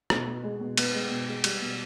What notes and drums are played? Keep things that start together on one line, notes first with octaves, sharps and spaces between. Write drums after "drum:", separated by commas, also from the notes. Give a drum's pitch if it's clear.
B2, drum: rim click
B2
G#3
B2
B3, drum: cymbal
G#3
B2
G#3
G3, drum: cymbal
B2